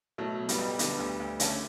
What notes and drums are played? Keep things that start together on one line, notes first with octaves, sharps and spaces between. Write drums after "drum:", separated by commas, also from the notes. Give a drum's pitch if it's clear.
B2 F#3 A3
B2
G3 B3, drum: hi-hat
B1
D3 G3 B3, drum: hi-hat
D2
D2
D3 A3 C#4, drum: hi-hat